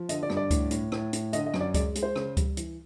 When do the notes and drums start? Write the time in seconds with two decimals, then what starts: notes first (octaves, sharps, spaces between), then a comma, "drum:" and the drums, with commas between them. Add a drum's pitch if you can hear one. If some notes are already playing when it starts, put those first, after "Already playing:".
Already playing: F3
0.09 D3 D#5, drum: hi-hat
0.23 D5
0.30 G2, drum: rim click
0.37 D5
0.51 A2, drum: kick C#2, hi-hat
0.71 A2, drum: hi-hat
0.92 A2, drum: rim click
1.13 A2, drum: hi-hat
1.33 D3 D#5, drum: hi-hat
1.46 D#5
1.54 F#2, drum: rim click
1.60 D5
1.74 G#3 D5, drum: kick C#2, hi-hat
1.95 G#3, drum: hi-hat
2.03 C5
2.16 C#3, drum: rim click
2.37 G3, drum: kick C#2, hi-hat
2.57 E3, drum: hi-hat